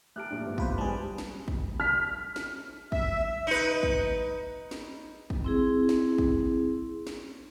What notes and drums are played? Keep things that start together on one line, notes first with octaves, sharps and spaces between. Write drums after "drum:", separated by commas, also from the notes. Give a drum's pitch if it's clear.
A3 G4 A5 F6 F#6 D7
A#1 D4
G2 B3
F4 B4 C5, drum: kick
G2 G3 G#3 G#4 B4 A5
drum: snare
drum: kick
F6 B6
drum: snare
E5, drum: kick
D#4 B4
drum: kick
drum: snare
drum: kick
C4 E4 G#4
drum: snare
drum: kick
drum: snare